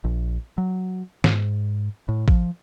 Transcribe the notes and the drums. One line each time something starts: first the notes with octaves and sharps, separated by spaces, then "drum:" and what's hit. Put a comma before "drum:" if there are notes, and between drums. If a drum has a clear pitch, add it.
A#1
F#3
G#2, drum: snare
A2
F3, drum: kick